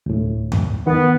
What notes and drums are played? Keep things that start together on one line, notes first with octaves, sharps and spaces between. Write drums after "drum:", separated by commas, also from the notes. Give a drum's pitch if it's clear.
D2 A2
drum: tom F2
D#3 B3